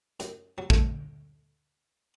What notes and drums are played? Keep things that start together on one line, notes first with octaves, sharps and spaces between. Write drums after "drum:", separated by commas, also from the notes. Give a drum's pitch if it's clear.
F#2, drum: hi-hat
F#3
A3, drum: kick